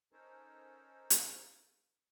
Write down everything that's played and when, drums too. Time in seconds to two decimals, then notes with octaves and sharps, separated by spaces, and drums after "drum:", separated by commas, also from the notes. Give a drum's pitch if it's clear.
0.12 C#4 D#4 A4 A#4 C5 C#5
1.10 drum: hi-hat